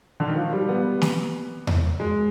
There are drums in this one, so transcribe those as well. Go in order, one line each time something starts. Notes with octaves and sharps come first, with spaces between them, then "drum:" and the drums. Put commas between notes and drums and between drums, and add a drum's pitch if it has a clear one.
D3
D#3
F3
G3
B3
drum: snare
drum: tom E2
G#3